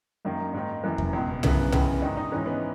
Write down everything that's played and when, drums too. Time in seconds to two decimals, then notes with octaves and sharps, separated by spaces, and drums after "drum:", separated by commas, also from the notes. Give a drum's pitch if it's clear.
0.25 F#2 D#3 A#3
0.54 G#2 D#3
0.84 F#2 E3
0.98 drum: kick E2
1.13 C#2 B2
1.43 F#2 C#3 E3 B3, drum: tom
1.72 C#2 C#3 E3, drum: tom
2.02 G#2 D#3 D#4
2.17 D#4
2.32 G#2 E3 C#4
2.46 B3